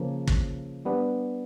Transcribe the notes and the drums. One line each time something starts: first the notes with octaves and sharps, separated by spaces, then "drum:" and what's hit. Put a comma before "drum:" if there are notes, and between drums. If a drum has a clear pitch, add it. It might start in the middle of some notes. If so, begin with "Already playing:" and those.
Already playing: C#3 F3 A#3
drum: kick
G3 B3 D4